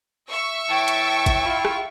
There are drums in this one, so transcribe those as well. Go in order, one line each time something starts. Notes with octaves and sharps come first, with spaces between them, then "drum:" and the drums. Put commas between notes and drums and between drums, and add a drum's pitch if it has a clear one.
E5 C#6
E3 C#5 G5 A5
drum: hi-hat
drum: kick, hi-hat
E4 F4
drum: rim click